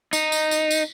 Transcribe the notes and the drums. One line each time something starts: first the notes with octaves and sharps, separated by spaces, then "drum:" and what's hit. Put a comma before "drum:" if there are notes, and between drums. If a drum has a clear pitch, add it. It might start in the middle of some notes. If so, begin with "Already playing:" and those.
D#4, drum: tambourine
drum: tambourine
drum: tambourine
drum: tambourine